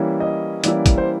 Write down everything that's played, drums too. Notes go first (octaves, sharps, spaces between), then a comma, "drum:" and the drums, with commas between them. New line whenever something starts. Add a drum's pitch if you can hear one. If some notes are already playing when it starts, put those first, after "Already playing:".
Already playing: E3 G3 A#3 C#4 E4
D#5
E3 G3 A#3 C#4 E4 D5, drum: hi-hat
drum: kick, hi-hat
C5